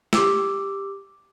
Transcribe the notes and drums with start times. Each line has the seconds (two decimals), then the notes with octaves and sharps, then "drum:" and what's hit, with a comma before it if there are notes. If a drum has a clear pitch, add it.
0.13 G4 D6 E6, drum: snare